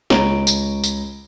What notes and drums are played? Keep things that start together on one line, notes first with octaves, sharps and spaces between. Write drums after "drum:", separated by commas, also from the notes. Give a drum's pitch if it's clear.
C#2 C#5 A#5 D7, drum: snare
drum: tambourine
drum: tambourine